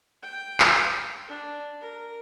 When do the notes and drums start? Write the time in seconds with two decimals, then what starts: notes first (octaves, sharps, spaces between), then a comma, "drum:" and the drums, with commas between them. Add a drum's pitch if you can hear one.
0.23 G5
0.60 drum: clap
1.28 D4
1.81 A#4